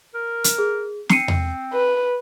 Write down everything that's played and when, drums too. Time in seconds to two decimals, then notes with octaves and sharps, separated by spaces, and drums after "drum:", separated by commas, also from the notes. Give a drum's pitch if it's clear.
0.14 A#4
0.44 drum: hi-hat
0.58 G#4
1.09 C4 C7 C#7 D#7, drum: snare
1.28 drum: tom E2
1.73 B4